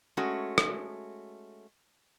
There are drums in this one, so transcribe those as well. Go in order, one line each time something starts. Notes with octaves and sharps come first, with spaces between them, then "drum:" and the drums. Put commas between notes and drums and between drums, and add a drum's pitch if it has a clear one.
G#3 A3 C#4 F#4
drum: rim click